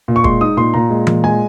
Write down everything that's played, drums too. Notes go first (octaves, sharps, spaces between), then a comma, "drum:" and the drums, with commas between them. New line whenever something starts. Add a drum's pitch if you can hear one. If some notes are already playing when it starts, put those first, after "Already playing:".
A#2
C#6
G#3 C6, drum: kick
D#4 D#6
A#2 C6
A#2 A#5
G#3
A#2, drum: tom E3
G#3 G#5